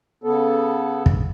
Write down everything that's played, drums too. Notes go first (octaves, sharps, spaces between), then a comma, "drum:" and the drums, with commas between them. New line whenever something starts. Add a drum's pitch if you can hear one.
C#3 B3 A4
drum: kick